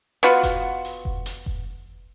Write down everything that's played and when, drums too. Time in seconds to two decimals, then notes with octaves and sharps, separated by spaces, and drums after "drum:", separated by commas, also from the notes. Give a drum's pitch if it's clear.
0.23 B3 F4 F#4
0.43 drum: kick F1, hi-hat
0.85 drum: open hi-hat
1.05 drum: kick F1
1.26 drum: hi-hat
1.46 drum: kick F1